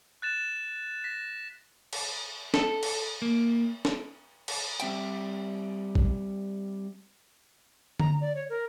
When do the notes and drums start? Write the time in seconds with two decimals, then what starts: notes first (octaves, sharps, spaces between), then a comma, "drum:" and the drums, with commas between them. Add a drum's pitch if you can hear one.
0.22 F#6 A6 E7
1.04 A#6 B6
1.93 drum: cymbal
2.54 A4, drum: snare
2.83 drum: cymbal
3.22 A#3
3.85 drum: snare
4.48 drum: cymbal
4.80 G3 C4 E5 G5, drum: hi-hat
5.95 drum: kick
8.00 A#5, drum: tom D3
8.21 D5
8.35 C#5
8.50 A#4